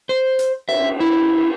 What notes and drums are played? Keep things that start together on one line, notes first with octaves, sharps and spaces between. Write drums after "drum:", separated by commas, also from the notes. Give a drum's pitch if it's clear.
C5
drum: hi-hat
E5, drum: cymbal
E4